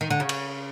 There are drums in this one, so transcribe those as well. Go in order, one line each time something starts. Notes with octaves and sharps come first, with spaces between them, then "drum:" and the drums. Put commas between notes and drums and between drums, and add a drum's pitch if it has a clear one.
D#3
D3
C#3
drum: cymbal